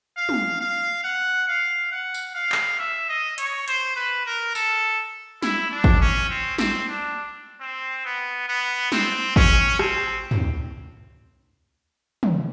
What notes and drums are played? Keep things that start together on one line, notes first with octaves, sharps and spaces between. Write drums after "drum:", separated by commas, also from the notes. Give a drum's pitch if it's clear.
F5
drum: tom
F5
F#5
F5
F#5
drum: tambourine
F5
drum: clap
E5
D#5
C#5, drum: hi-hat
C5, drum: hi-hat
B4
A#4
A4, drum: tambourine
E4, drum: snare
D4
drum: kick
C#4
C4
C4, drum: snare
D4
C4
B3
B3
C4, drum: snare
C#4, drum: kick
C4, drum: rim click
drum: tom
drum: tom